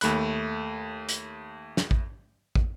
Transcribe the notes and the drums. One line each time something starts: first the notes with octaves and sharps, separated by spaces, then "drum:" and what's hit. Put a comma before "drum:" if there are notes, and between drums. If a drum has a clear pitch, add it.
D#2 A3 B5 F#6, drum: hi-hat
drum: hi-hat
drum: snare
drum: kick
drum: kick